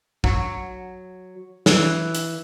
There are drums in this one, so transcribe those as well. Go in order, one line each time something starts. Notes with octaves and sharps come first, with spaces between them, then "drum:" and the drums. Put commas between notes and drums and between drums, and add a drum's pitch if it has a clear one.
F#3, drum: kick
E3, drum: snare
drum: hi-hat